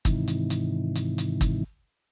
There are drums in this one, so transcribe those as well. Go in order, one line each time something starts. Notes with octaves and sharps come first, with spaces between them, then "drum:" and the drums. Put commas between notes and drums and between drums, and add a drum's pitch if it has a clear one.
G#2 C3 D#3 E3, drum: kick, hi-hat
drum: hi-hat
drum: hi-hat
drum: hi-hat
drum: hi-hat
drum: kick, hi-hat